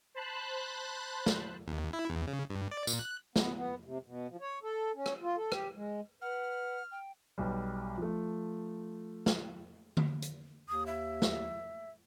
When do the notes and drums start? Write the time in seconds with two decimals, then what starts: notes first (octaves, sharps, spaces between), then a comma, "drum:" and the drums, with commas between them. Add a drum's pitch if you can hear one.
0.15 C5 A5 B5 F#6
1.26 drum: snare
1.67 D#2
1.93 E4
2.10 E2
2.27 C#3
2.50 G2
2.71 D5
2.87 A#2, drum: tambourine
2.99 F#6
3.36 B3, drum: snare
3.56 B3
3.85 C3
4.06 B2
4.29 F3
4.41 C#5
4.63 A4
4.95 C#4
5.06 drum: rim click
5.22 F4
5.37 A4
5.52 G4, drum: rim click
5.76 G#3
6.22 B4 F#5 F6
6.92 G5
7.38 B1 G3
7.98 F3 A3
9.26 drum: snare
9.97 drum: tom D3
10.22 drum: hi-hat
10.69 D#2 D#6
10.86 E5
11.22 drum: snare